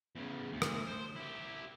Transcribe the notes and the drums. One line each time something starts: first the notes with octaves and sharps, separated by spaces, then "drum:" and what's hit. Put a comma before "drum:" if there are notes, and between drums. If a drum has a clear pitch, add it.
E2 C#3
D2
drum: rim click
C5
E4 G4